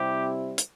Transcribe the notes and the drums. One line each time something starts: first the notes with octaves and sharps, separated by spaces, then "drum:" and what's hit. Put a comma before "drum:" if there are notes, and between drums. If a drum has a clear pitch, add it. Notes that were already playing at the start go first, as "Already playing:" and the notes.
Already playing: C3 G3 C4 E4 G4
drum: hi-hat